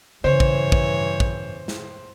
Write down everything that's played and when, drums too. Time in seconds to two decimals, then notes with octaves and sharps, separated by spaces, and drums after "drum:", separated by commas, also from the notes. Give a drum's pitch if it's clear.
0.24 G2 C#3 E3 C5 C#5
0.40 drum: kick
0.72 drum: kick
1.20 drum: kick
1.68 drum: snare